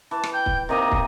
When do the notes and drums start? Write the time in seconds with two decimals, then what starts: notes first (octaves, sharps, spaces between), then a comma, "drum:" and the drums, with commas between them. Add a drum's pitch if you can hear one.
0.11 E3 A5
0.23 drum: rim click
0.33 G5 G6
0.46 drum: kick
0.69 C3 A#3 D#4 A#4 D#5
0.92 drum: kick